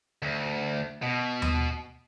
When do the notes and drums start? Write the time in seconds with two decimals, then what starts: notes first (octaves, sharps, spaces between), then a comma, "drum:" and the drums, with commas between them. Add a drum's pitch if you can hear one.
0.22 D2
1.03 B2
1.42 drum: tom D#2